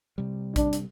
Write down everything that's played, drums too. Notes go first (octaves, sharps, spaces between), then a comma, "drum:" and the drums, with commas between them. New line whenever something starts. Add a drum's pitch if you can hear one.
C3 G3
D4, drum: kick A#1, hi-hat
drum: hi-hat